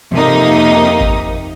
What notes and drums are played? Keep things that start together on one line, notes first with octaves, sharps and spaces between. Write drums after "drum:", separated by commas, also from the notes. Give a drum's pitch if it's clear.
F2 C3 A#3 D#4 D#6, drum: tom E3
drum: kick G#1